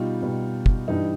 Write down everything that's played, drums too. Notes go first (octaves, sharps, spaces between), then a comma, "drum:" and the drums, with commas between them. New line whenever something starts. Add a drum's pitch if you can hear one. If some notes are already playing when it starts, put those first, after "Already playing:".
Already playing: B2 G3 D#4 F4
B2 G3
drum: kick
G2 E3 G3 D#4